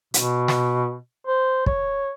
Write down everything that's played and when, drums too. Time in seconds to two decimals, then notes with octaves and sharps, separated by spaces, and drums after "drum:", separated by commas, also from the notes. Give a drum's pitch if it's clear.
0.14 B2, drum: hi-hat
0.48 drum: snare
1.27 C5
1.66 C#5, drum: kick